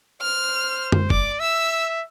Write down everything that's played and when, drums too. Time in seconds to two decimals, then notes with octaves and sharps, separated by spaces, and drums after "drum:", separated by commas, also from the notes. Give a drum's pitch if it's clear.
0.22 C5 F6
0.92 drum: tom F#2
1.10 D5 D6, drum: kick
1.40 E5 E6